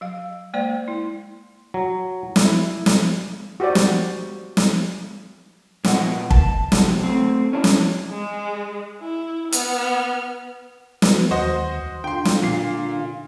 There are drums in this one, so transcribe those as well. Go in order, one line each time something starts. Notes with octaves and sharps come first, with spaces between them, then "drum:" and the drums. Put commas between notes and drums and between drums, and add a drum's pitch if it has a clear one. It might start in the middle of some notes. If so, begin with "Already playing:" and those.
F#3 F5
G#3 A#3 C5 D5
E4
F#3
drum: snare
E4
drum: snare
F#4 G4 C5 D5
drum: snare
drum: snare
A#2 B3 B4 D#5 E5 F#5, drum: snare
A5, drum: kick
C3 F#3, drum: snare
A3 C4
C#4 D4 E4
drum: snare
G#3
E4
B3 F6, drum: hi-hat
F#3 B3, drum: snare
D#2 F#4 C5 D#5
D3 F4 G5 C6
drum: snare
A#2 C7